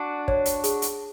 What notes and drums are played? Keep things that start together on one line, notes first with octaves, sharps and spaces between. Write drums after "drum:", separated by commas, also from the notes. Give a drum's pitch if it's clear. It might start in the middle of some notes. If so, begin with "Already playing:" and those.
Already playing: D4 F#4
C#5, drum: kick
drum: hi-hat
G#4, drum: hi-hat
drum: hi-hat